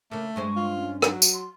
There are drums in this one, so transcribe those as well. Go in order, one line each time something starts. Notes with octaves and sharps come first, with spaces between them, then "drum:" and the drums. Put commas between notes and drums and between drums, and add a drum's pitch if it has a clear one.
C#3 A3 A#3
G2 G#3 C5 C#6
F4
C#4
F#3 F#4, drum: rim click
drum: tambourine
C6